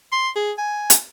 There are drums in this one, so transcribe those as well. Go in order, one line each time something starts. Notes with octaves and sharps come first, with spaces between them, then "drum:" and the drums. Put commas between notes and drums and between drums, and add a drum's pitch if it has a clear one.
C6
G#4
G#5
drum: hi-hat